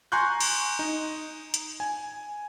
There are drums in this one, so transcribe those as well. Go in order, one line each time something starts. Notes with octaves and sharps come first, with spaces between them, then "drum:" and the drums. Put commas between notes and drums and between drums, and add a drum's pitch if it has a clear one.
G#5 A#5 C6 C#6 F#6 G6
drum: cymbal
D#4
drum: hi-hat
G#5